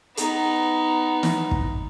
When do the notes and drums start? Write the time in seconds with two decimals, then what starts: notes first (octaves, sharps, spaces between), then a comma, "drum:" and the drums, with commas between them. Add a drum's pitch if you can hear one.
0.17 B3 D#4, drum: hi-hat
1.23 drum: snare
1.51 drum: kick